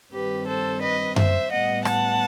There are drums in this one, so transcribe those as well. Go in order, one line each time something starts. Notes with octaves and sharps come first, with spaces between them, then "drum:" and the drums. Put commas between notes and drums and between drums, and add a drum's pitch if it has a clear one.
G2 D#3 G3 C4 G4 B4
A4 C5
B4 D#5
C5 E5, drum: tom F#2
A2 G3 B3 D#5 F#5
F#5 A5, drum: rim click